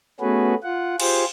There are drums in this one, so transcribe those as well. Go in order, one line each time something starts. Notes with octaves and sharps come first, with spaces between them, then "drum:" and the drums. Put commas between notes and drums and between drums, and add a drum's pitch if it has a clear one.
A3 B3 C#4 F#4 G#4 B4
F4 F#5
F4 G4 G#4 C5, drum: cymbal